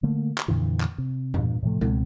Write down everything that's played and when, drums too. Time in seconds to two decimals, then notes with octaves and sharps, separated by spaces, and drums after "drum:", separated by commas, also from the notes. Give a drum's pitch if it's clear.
0.03 D3 A3 A#3
0.38 drum: clap
0.48 F2 A#2 D3 E3
0.80 drum: clap
0.98 C3
1.34 G2 A#2, drum: tom E2
1.63 A2 C3 F3 A3
1.81 C#2 B2 C4, drum: tom G#3